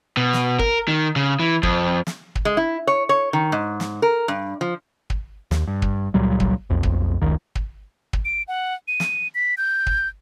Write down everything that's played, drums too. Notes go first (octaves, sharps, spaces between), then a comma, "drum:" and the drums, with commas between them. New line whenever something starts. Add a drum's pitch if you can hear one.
B2
drum: snare
A#4, drum: kick
D#3
C#3
E3
F2, drum: kick
drum: snare
drum: kick
G#3
E4
C#5
C#5
D#3
G#2
drum: snare
A#4
G2
F3
drum: kick
D#2, drum: snare
G2
drum: kick
C#2 A#2 F#3 G3
drum: kick
B1 F2
drum: kick
F1 C#2 D#3
drum: kick
drum: kick
D7
F#5
D#7
drum: snare
B6
G6
drum: kick